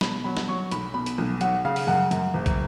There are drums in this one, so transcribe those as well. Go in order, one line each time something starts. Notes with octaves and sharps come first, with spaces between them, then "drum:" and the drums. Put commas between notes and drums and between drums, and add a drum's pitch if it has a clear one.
B2 B5, drum: snare
F#3 B5
drum: snare
F#3 C#6
B1 B5, drum: hi-hat
B2 B5
drum: hi-hat
B1
F#3 F#5, drum: hi-hat
C#3 F5
drum: open hi-hat
F#2 F#5
F#2, drum: hi-hat
F#1
drum: kick, hi-hat